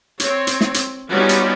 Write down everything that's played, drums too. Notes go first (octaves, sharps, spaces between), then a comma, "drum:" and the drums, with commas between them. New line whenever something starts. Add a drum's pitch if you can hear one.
C4 C#5, drum: hi-hat
drum: hi-hat
drum: snare
drum: hi-hat
G3 B3 C#4 D#4 F4 F#4
drum: hi-hat